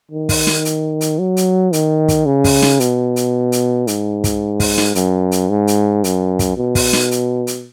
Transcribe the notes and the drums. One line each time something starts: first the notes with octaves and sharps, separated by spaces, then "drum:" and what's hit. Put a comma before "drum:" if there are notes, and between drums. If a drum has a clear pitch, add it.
D#3
drum: kick, open hi-hat
drum: snare
drum: hi-hat
drum: hi-hat
F#3
drum: hi-hat
D#3, drum: hi-hat
drum: kick, hi-hat
C#3
drum: kick, open hi-hat
drum: snare
B2, drum: hi-hat
drum: hi-hat
drum: hi-hat
G#2, drum: hi-hat
drum: kick, hi-hat
drum: kick, open hi-hat
drum: snare
F#2, drum: hi-hat
drum: hi-hat
G#2
drum: hi-hat
F#2, drum: hi-hat
drum: kick, hi-hat
B2
drum: kick, open hi-hat
drum: snare
drum: hi-hat
drum: hi-hat